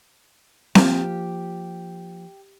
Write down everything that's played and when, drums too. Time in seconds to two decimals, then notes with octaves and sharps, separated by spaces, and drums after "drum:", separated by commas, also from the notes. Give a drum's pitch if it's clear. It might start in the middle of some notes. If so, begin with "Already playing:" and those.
0.75 F3 A#3 G4, drum: snare C4